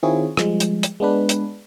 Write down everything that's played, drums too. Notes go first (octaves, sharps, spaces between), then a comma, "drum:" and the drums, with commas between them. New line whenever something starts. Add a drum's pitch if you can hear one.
D#3 C4 E4 F4 G#4 C#5
F3 G3 G#3, drum: rim click
drum: hi-hat
drum: hi-hat
G#3 B3 D4 B4
drum: hi-hat